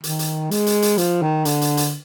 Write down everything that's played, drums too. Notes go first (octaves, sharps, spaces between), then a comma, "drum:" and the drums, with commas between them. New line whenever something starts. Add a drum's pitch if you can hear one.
D#3, drum: hi-hat
drum: hi-hat
G#3, drum: hi-hat
drum: hi-hat
drum: hi-hat
F3, drum: hi-hat
D#3
D3, drum: hi-hat
drum: hi-hat
drum: hi-hat